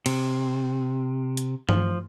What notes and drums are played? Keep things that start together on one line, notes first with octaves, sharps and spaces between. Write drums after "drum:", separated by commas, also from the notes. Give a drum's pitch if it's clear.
C3, drum: cymbal
drum: hi-hat
F3, drum: tom G2